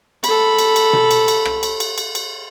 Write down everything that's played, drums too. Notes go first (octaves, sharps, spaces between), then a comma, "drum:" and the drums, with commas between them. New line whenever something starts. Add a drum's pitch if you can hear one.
A4 B5, drum: cymbal
drum: cymbal
drum: cymbal
drum: tom B2
drum: cymbal
drum: cymbal
drum: rim click
drum: cymbal
drum: cymbal
drum: cymbal
drum: cymbal